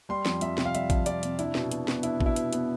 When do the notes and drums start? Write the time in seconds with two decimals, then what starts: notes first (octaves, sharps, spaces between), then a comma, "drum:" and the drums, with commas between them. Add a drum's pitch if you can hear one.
0.09 G3 C6
0.26 F2, drum: snare
0.41 F2 E5, drum: hi-hat
0.58 C3, drum: snare
0.65 F5
0.75 G3 E5, drum: hi-hat
0.90 F2, drum: kick A1, hi-hat
1.06 F2 D5, drum: hi-hat
1.23 C3, drum: hi-hat
1.39 D4 E4, drum: hi-hat
1.55 B2, drum: snare
1.71 B2, drum: hi-hat
1.88 B3, drum: snare
2.03 D4 E4, drum: hi-hat
2.21 B2, drum: kick A1
2.26 E4
2.36 B2, drum: hi-hat
2.53 B3, drum: hi-hat